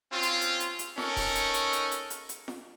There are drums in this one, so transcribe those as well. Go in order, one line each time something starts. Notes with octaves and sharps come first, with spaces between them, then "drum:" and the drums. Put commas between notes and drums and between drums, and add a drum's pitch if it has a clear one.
C4 C#4 F4
drum: hi-hat
drum: hi-hat
drum: hi-hat
drum: hi-hat
C#4 D#4 A4 A#4 C#6, drum: snare F4
drum: kick D#1, open hi-hat
drum: hi-hat
drum: hi-hat
drum: hi-hat
drum: hi-hat
drum: hi-hat
drum: hi-hat
drum: snare F4